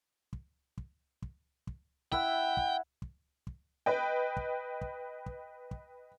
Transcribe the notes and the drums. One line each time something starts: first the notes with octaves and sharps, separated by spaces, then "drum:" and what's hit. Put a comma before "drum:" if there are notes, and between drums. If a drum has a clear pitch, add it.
drum: kick
drum: kick
drum: kick
drum: kick
E4 E5 F#5 G5, drum: kick
drum: kick
drum: kick
drum: kick
B4 D#5 G5
drum: kick
drum: kick
drum: kick
drum: kick